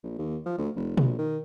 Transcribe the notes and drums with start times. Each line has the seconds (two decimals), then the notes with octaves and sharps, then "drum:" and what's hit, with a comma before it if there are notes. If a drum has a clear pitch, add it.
0.04 A#1
0.19 D#2
0.45 F3
0.58 D2
0.76 F1
0.97 A#1, drum: tom B2
1.19 D#3